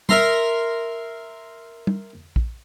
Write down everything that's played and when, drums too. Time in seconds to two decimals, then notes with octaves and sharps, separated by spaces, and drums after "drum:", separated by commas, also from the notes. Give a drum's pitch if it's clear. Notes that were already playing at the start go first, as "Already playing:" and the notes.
0.09 A#4 E5 A#5 C6, drum: tom
1.87 drum: tom
2.36 drum: kick